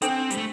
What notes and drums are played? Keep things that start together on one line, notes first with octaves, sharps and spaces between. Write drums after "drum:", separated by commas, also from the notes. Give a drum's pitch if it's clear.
C4 D4 A4 C5 G5, drum: hi-hat
G3, drum: hi-hat
A3